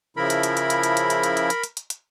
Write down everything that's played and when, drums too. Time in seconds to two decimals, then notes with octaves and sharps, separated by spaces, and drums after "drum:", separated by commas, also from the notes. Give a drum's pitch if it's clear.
0.17 C#3 F3 E4 A#4 B5
0.30 drum: hi-hat
0.43 drum: hi-hat
0.57 drum: hi-hat
0.70 drum: hi-hat
0.83 drum: hi-hat
0.97 drum: hi-hat
1.10 drum: hi-hat
1.23 drum: hi-hat
1.37 drum: hi-hat
1.50 drum: hi-hat
1.64 drum: hi-hat
1.77 drum: hi-hat
1.90 drum: hi-hat